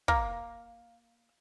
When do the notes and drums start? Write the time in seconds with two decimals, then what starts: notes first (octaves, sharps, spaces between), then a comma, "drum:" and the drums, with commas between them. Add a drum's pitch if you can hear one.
0.08 A#3, drum: kick